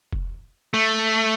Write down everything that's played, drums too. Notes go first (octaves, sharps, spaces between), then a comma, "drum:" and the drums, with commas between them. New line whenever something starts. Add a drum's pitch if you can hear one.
drum: kick F1
A3